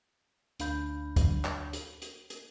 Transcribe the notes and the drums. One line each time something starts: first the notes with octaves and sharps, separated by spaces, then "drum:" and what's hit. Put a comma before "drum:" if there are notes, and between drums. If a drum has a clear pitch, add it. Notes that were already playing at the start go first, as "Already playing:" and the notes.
D2 D4 F5 B5 G6, drum: hi-hat
drum: kick, hi-hat
drum: clap
drum: hi-hat
drum: hi-hat
drum: hi-hat